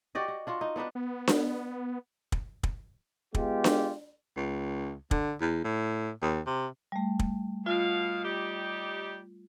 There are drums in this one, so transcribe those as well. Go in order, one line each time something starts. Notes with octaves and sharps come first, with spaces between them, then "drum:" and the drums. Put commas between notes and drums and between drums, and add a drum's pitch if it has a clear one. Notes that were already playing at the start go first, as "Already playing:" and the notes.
F#4 G4 D5 D#5
F#4
D4 F4 F#4
D#4
B3 D4 D#4 B4
B3
drum: snare D4
drum: kick
drum: kick
G#3 B3 F4 G4, drum: kick
drum: snare D4
C#2
D3, drum: kick
E2
A2
D#2
C3
G3 A3
drum: kick
B2 F4 F5
G3 D#4 G4